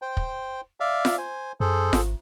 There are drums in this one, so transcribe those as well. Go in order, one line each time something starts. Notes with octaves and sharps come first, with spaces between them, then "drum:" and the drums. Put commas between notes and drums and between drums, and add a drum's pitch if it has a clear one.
C5 G5
drum: kick
D5 E5 F5
drum: snare F4
C5 G#5
F#2 G#4 A4 C5
G#1, drum: snare F4